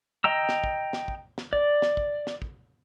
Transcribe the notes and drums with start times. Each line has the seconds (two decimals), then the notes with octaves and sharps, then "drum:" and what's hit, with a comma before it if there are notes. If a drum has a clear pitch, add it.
0.24 D#5 G5 A#5 E6
0.49 drum: snare
0.64 drum: kick
0.93 drum: snare
1.08 drum: kick
1.38 drum: snare
1.53 D5, drum: kick
1.82 drum: snare
1.97 drum: kick
2.27 drum: snare
2.42 drum: kick